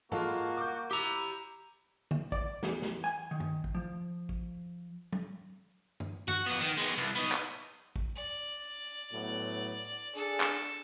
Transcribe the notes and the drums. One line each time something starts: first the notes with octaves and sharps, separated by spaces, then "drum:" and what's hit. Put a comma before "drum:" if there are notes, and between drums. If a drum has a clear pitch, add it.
G#3 A#3 F4 F#4 A4, drum: tom
D6 G6
E4 G4 A#5 D6
drum: tom
D5, drum: kick
E2, drum: snare
drum: snare
G#5
D#3
drum: tom G2
drum: kick
F3
drum: kick
drum: tom
drum: tom G2
F#4, drum: tom G2
F2 B3
D#3
G#3 B3
C2
B3 D#4, drum: tambourine
drum: clap
drum: kick
D5
A2 F#3 B3
D4 G#4 A4
drum: clap